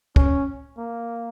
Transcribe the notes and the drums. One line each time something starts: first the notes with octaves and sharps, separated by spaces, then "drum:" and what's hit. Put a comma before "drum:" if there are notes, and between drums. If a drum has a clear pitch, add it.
C#4, drum: kick
A#3